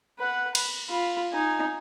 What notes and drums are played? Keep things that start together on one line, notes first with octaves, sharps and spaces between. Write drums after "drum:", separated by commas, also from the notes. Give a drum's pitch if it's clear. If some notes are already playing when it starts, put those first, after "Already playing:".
B4 F#5
B5, drum: cymbal
F4 B5
D#4 G#5